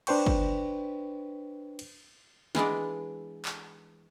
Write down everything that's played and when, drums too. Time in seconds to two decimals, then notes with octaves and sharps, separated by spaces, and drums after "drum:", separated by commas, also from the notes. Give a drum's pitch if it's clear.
0.07 D4 B4 C5 G5 C#6, drum: cymbal
0.26 drum: kick
1.79 drum: cymbal
2.55 E3 G#3 B3 D4, drum: snare
3.45 drum: clap